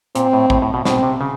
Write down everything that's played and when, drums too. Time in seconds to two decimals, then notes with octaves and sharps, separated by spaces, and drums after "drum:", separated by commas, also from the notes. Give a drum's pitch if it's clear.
0.15 A#2 C4, drum: hi-hat
0.33 A2
0.50 A2, drum: kick
0.62 A2
0.74 B2
0.85 B2 C4, drum: snare
1.03 C3
1.21 C#3